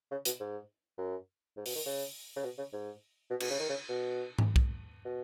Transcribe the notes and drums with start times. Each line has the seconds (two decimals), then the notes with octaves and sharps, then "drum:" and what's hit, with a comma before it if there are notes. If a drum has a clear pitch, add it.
0.11 C#3
0.25 B2, drum: hi-hat
0.40 G#2
0.98 F#2
1.57 G#2
1.66 B2, drum: open hi-hat
1.75 D#3
1.86 C#3
2.36 C#3
2.44 B2
2.58 C#3
2.73 G#2
3.30 B2
3.40 B2, drum: cymbal
3.50 C#3
3.60 D#3
3.69 C#3
3.89 B2
4.38 drum: tom G#2
4.56 drum: kick
5.05 B2